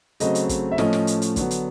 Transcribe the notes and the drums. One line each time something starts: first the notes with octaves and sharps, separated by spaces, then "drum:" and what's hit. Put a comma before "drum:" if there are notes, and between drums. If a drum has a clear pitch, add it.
C#3 F#3 A3 C4 D#5, drum: hi-hat
drum: hi-hat
drum: kick, hi-hat
E5
A2 F3 A3 C#4 D#5, drum: snare
drum: snare
drum: hi-hat
drum: hi-hat
D3 F#3 B3, drum: kick, hi-hat
drum: hi-hat